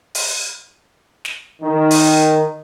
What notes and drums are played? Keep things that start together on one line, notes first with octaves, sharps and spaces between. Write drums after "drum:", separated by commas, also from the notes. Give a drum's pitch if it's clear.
drum: open hi-hat
drum: snare
D#3
drum: open hi-hat